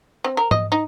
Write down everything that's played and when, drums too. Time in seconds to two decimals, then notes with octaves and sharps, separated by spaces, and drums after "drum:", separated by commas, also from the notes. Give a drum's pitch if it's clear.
0.24 C4
0.37 A#4
0.51 D#5, drum: tom G#2
0.72 D#4